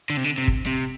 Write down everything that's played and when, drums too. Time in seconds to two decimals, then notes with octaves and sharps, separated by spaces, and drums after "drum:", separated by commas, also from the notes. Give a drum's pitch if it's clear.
0.10 D3
0.17 C3
0.24 D3
0.38 C3
0.48 drum: kick
0.67 C3